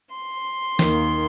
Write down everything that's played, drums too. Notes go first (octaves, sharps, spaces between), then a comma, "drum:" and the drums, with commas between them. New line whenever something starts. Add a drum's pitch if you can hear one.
C6
D#2 D#3 A#3, drum: snare